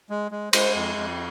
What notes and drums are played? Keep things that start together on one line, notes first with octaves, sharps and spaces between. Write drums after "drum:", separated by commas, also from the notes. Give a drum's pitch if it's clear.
G#3
G#3
G#3 C5, drum: cymbal
F2
F2